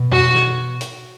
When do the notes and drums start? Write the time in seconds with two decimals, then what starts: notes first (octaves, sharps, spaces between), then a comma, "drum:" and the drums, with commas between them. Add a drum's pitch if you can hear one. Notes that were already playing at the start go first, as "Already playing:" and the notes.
Already playing: B2
0.12 F#4, drum: tom F2
0.35 drum: snare
0.81 drum: hi-hat